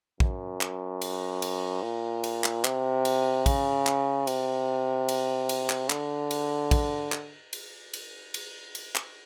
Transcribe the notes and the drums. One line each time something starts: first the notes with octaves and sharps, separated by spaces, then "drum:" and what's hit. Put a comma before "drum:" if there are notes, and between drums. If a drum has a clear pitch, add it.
F#2, drum: kick
drum: clap
drum: cymbal
drum: cymbal
A#2
drum: cymbal
drum: clap
C3, drum: clap
drum: cymbal
C#3, drum: kick, cymbal
drum: clap
C3, drum: cymbal
drum: cymbal
drum: cymbal
drum: clap
D3, drum: clap
drum: cymbal
drum: kick, cymbal
drum: clap
drum: cymbal
drum: cymbal
drum: cymbal
drum: cymbal
drum: clap